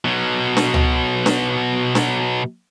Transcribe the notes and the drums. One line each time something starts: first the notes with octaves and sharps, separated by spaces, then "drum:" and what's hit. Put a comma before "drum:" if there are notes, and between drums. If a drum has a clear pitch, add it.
B2 F#3
drum: snare D4
drum: tom C#2
drum: snare D4
drum: snare D4